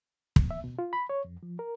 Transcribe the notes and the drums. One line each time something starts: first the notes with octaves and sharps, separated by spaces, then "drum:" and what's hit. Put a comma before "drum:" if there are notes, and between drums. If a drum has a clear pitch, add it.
drum: kick
E5
B2
F4
B5
C#5
F2
F3
A#4